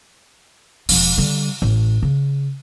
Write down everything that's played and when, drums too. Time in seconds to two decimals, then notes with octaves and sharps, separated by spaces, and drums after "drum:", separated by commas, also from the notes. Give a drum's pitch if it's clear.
0.89 E1 F3, drum: open hi-hat
1.18 D3 G3
1.62 A1
2.02 C#3